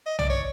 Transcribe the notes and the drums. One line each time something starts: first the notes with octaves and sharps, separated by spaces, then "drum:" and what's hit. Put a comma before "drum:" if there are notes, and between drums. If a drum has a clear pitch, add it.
D#5
D5, drum: tom B1
C#5